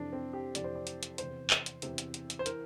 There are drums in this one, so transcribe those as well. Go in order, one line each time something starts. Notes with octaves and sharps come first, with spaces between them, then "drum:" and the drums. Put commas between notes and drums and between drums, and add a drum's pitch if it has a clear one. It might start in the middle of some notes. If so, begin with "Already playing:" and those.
Already playing: F2 C3 E3 D4
C4
G4
F2 C3 E3 D5, drum: hi-hat
C5
D5
drum: hi-hat
drum: hi-hat
E2 C3 E3 C5, drum: hi-hat
drum: clap
drum: hi-hat
E2 C3 E3, drum: hi-hat
drum: hi-hat
drum: hi-hat
drum: hi-hat
C5
E3 A#4, drum: hi-hat